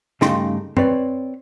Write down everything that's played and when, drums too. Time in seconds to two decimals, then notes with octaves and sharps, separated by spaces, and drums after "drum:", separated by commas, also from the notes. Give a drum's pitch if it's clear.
0.21 G2 C#3 A3 D#4 G5 C6, drum: snare
0.77 C4 B4 C#5 D5, drum: tom F#2